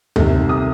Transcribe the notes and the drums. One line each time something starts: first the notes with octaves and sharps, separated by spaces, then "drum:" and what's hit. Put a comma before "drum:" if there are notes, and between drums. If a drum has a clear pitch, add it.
C2 C3 D#3, drum: tom D#2
D#6